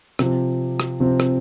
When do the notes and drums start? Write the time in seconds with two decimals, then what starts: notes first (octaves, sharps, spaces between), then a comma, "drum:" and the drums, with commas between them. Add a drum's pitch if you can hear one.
0.19 C3 F3 C4, drum: rim click
0.80 drum: rim click
1.00 C3 F3 C4
1.20 drum: rim click